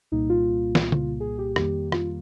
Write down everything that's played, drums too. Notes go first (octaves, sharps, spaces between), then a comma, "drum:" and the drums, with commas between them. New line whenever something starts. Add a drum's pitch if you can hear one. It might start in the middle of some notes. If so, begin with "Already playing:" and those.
C2 A#2 G3 A#3 D#4
F4
drum: snare
drum: tom C#3
G#4
G4
F2 D#3 G3 A#3 G4, drum: rim click
F4, drum: rim click